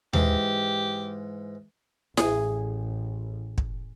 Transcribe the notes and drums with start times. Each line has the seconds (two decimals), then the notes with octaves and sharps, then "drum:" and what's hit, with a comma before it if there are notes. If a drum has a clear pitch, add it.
0.13 G#2 E3 G#3 G4, drum: tom D#2
2.17 A1 G#4, drum: snare E4
3.58 drum: kick